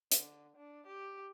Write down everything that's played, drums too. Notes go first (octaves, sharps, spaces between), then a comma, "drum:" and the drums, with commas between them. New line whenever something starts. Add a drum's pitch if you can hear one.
D3, drum: hi-hat
D4
G4